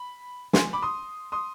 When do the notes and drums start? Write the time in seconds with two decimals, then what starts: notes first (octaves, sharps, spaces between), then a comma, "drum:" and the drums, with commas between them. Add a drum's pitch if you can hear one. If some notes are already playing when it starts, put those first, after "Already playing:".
Already playing: B5
0.53 G#5 C6, drum: snare
0.73 B5 D6
0.82 C6 D#6
1.32 C6 D#6